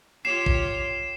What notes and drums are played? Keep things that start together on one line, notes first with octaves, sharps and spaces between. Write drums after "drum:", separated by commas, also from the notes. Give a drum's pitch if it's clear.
F4 G4 C#5 C7 E7
drum: kick A1